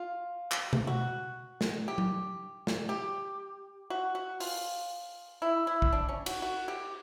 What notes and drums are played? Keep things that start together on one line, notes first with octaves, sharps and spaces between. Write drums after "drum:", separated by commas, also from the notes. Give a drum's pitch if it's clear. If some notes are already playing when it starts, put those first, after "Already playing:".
Already playing: F4
drum: clap
drum: tom B2
F#4
drum: snare
G4
drum: tom F#3
drum: snare
G4
F#4
F#4
F4, drum: open hi-hat
E4
E4
drum: kick
D4
C#4
F#4, drum: cymbal
F#4
G4